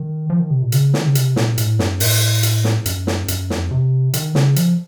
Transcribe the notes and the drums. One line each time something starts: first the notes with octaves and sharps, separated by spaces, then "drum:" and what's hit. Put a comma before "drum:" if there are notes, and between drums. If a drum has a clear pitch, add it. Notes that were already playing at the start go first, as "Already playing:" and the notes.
Already playing: D#3
F3
D#3
C3
A#2
C#3, drum: hi-hat
D#3, drum: snare
C#3
C3, drum: hi-hat
A#2, drum: snare
A2, drum: hi-hat
F#2, drum: snare
A2, drum: open hi-hat
drum: hi-hat
drum: snare
F#2, drum: hi-hat
drum: snare
F#2, drum: hi-hat
F2, drum: snare
C3
D#3, drum: hi-hat
C#3, drum: snare
F3, drum: hi-hat